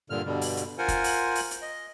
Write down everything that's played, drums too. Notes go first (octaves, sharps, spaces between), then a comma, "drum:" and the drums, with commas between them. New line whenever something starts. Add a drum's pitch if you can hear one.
G2 A#2 D3 F6
G2 B2 D3 G3
drum: open hi-hat
drum: hi-hat
F4 A#4 C5 F#5 G#5
drum: kick, hi-hat
drum: open hi-hat
drum: open hi-hat
drum: hi-hat
D#5